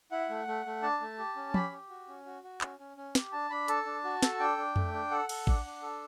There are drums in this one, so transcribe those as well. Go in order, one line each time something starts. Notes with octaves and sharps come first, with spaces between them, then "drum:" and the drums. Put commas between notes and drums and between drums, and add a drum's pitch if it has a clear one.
E4 F#5
A3
A3
A3
D4 A5
A3
G4
C#4
G4 B5, drum: tom
G4
F#4
C#4
F#4
F#4
C#4, drum: clap
C#4
C#4
G4, drum: snare
D4 A5
D4 B5
A4 A5, drum: hi-hat
D4
F#4
A4, drum: snare
D4 G5
D4
A3, drum: tom F2
D4
A4 F#5
A4, drum: cymbal
D4, drum: kick
D4
A4